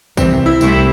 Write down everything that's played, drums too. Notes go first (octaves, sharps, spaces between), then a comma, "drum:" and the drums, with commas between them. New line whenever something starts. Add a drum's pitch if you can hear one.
C2 C3 E3 C4, drum: kick A#1, tambourine
E4
C2 C3 A3 E4, drum: tambourine